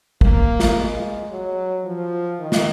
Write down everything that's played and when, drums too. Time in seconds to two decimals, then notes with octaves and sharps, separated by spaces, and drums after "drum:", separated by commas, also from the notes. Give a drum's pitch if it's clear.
0.21 A#3, drum: kick
0.60 drum: snare
0.76 G#3
1.31 F#3
1.85 F3
2.40 D#3
2.52 drum: snare